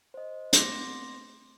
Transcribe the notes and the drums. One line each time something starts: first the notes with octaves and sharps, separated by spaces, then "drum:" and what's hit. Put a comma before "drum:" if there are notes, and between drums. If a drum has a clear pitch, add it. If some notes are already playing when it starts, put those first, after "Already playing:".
C5 D#5
A3 B3 C4 C6 D6 A#6, drum: hi-hat